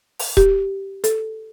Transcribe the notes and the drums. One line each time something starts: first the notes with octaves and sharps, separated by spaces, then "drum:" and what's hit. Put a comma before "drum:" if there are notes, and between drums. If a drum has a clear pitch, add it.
drum: open hi-hat
G4, drum: kick D#1
A4, drum: hi-hat